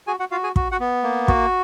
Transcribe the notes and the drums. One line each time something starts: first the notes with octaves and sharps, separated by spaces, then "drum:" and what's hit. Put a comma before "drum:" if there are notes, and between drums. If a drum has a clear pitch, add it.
F#4 G#4 G#5
F#4 F#5
F4 F#4 F5
G#4 G#5
F#4, drum: kick
F#4 F#5
B3
A#3
F#4, drum: kick